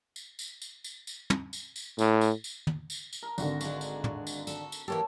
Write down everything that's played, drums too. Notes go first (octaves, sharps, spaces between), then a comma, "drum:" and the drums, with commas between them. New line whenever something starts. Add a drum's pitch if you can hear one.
drum: tambourine
drum: tambourine
drum: tambourine
drum: tambourine
drum: tambourine
drum: tom
drum: tambourine
drum: tambourine
A2, drum: tambourine
drum: tambourine
drum: tambourine
drum: tom
drum: tambourine
drum: tambourine
A#4
G#1 D3 F#4, drum: tambourine
G#3 D4 C#6, drum: tambourine
drum: tambourine
drum: tom
drum: tambourine
A4, drum: tambourine
drum: tambourine
E3 A#3 G4 A4 C#5